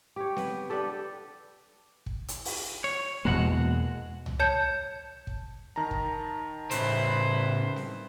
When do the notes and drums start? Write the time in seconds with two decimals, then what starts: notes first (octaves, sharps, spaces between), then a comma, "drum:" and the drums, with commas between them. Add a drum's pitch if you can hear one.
0.16 G4 C#5
0.36 B3, drum: snare C4
0.70 B3 D4 G4 A4
2.06 drum: kick
2.28 drum: hi-hat
2.45 drum: open hi-hat
2.84 C#5
3.25 E2 B2 G#3 A#3 F#4 F#5
4.26 drum: tom
4.40 C#5 A5 G6 C#7
5.27 drum: kick
5.76 D#3 A5 A#5
5.91 drum: kick
6.71 A2 C#3 E4 B4 C5, drum: hi-hat
7.76 drum: snare C4